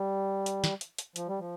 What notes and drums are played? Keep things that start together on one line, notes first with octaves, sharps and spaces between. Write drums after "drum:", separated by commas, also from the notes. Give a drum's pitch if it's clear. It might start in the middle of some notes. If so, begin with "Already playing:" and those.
Already playing: G3
drum: hi-hat
drum: snare
drum: hi-hat
drum: hi-hat
F3, drum: hi-hat
G3
F3